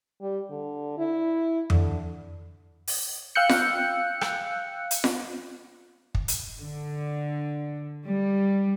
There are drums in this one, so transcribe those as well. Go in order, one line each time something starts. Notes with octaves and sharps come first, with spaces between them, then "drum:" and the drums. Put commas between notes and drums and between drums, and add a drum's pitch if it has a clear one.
G3
D3
E4
D3, drum: tom F2
drum: open hi-hat
F5 G5 E6 F#6 G6 C#7
drum: snare F4
drum: rim click
drum: hi-hat
drum: snare F4
drum: kick
drum: hi-hat
D3
G3